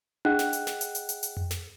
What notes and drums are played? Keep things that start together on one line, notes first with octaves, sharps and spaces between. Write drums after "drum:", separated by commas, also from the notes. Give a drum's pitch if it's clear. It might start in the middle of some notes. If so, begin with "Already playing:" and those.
G#4 D#5 F#5 G5 F#6, drum: tom D4
drum: snare
drum: hi-hat
drum: snare
drum: hi-hat
drum: hi-hat
drum: hi-hat
drum: hi-hat
drum: tom F2
drum: snare